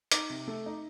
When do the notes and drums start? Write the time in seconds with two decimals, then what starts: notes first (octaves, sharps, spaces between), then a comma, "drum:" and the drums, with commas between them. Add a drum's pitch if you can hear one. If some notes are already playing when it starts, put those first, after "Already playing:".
0.12 D#4 D6, drum: hi-hat
0.30 C3
0.48 A3
0.66 D#4